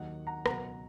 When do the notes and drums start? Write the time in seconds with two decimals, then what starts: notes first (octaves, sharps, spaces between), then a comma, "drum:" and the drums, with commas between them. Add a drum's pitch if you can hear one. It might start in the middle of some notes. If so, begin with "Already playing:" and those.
Already playing: D#2 D#3 F#3 D#5 F#5
0.27 F#5 A#5
0.46 C#2 B2 F#3 F#5 A#5, drum: rim click